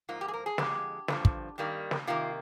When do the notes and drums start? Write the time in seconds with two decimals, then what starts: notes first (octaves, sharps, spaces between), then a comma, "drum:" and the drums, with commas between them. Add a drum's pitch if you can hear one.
0.09 G#2 F3 A#3 F4
0.21 G4
0.28 G#4
0.34 A#4
0.46 G#4
0.58 F2 D3 G#3 G4, drum: snare
1.08 G2 D3 F3, drum: snare
1.25 drum: kick
1.58 G2 D#3 G3 A#3
1.91 drum: snare
2.07 C3 D#3 A#3 F4